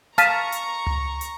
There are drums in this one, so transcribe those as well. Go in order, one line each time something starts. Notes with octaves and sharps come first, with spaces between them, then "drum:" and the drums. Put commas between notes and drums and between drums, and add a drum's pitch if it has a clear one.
F5 A5 A#5 C#6 F6 B6 D#7, drum: hi-hat
drum: hi-hat
drum: tom C#2
drum: hi-hat